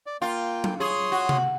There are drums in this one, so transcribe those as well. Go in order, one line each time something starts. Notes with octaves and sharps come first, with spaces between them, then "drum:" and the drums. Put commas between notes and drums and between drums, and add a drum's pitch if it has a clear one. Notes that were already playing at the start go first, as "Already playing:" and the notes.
D5
A#3 F4 G5
drum: tom F#3
G#4 C#5 C6 D#6
F#4
drum: tom C3